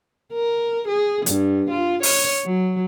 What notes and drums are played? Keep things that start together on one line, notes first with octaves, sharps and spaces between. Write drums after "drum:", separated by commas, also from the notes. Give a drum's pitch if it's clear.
A#4
G#4
G2, drum: hi-hat
F4
C#5, drum: open hi-hat
F#3